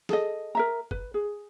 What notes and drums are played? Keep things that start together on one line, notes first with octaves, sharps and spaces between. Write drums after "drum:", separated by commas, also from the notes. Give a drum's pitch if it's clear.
G#4 A4 D#5, drum: snare
A#4 E5 A#5
B4, drum: kick
G#4